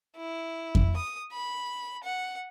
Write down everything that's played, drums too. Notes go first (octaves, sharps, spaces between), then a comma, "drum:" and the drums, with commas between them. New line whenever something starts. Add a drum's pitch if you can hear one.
E4
drum: kick F2
D#6
B5
F#5